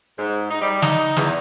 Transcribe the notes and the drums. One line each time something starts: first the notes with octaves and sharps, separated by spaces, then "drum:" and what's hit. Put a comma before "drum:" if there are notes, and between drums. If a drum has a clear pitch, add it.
G#2
D#4
G3
D#4, drum: snare
E2, drum: snare